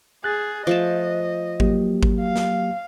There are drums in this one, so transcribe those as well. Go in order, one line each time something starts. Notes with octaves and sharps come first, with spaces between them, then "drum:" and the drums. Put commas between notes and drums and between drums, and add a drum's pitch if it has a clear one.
G#4 F#6 A6
F3 A3 D#5 A5
F#3 A#3 G4, drum: kick G#1
drum: kick G#1
F5
drum: snare